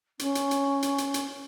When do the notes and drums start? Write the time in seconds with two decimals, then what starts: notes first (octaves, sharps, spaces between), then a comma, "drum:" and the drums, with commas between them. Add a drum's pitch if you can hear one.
0.19 C#4, drum: hi-hat
0.35 drum: hi-hat
0.51 drum: hi-hat
0.82 drum: hi-hat
0.98 drum: hi-hat
1.14 drum: hi-hat